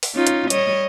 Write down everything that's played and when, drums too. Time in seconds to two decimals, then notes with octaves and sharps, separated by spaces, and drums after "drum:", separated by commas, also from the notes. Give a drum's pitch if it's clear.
0.03 drum: open hi-hat
0.15 C#4 D#4 F4
0.27 drum: hi-hat
0.50 G3 C#5 D#5, drum: hi-hat